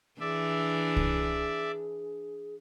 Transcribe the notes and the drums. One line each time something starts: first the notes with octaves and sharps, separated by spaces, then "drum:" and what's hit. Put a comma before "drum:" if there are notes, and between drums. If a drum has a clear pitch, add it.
E3 D4 G#4 D5 E5
drum: kick C2